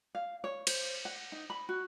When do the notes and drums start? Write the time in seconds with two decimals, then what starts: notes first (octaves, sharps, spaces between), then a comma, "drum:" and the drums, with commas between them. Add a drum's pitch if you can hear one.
0.15 F5
0.44 C#5
0.67 C5, drum: cymbal
1.05 F#5
1.32 D#4
1.50 B5
1.69 F#4